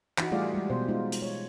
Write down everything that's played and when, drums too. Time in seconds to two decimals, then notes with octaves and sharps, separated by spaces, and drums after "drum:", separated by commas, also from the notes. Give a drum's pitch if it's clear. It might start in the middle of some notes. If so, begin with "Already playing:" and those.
0.18 E3 D#4 F#4, drum: clap
0.31 G3 A3 F4 G#4 D5 F5
0.54 G3 G#3
0.70 B2 C5
0.88 G#3 D#4 F4
1.12 drum: hi-hat
1.22 C#5